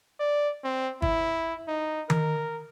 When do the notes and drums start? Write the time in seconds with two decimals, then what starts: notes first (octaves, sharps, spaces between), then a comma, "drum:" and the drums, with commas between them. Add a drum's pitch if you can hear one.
0.20 D5
0.64 C4
1.02 E4, drum: kick G1
1.68 D#4
2.10 A#4, drum: tom D#3